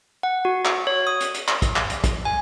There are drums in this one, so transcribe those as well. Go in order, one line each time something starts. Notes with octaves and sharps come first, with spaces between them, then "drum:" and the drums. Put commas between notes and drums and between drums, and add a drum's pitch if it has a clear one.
F#5
F#4
drum: clap
C#5
D#6
drum: hi-hat
drum: hi-hat
drum: clap
drum: kick, hi-hat
drum: clap
drum: hi-hat
drum: kick, hi-hat
G#5